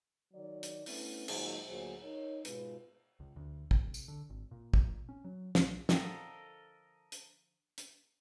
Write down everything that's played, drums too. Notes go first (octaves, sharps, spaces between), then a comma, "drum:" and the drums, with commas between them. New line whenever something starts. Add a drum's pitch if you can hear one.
D#3 F#3 D5
drum: hi-hat
A3 B3 C#4 D4 E4, drum: open hi-hat
A#2 D#3 F#3 G#3, drum: cymbal
D2 A#2 F#3 G#4 C5
D#4 A#4 C#5
G#2 B2 G#3 F4 B4, drum: hi-hat
C#2
D2
C2, drum: kick
drum: tambourine
D3
G#1
A#2
A#2, drum: kick
C#4
F#3
B1, drum: snare
D3 F3 G4 A4 A#4 D#5, drum: snare
drum: hi-hat
drum: hi-hat